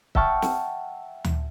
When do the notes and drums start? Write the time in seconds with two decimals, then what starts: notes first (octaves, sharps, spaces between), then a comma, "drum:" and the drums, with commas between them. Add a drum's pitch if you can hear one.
0.15 E5 F#5 G5 A5 C#6 F6, drum: kick
0.42 drum: snare
1.24 drum: tom D2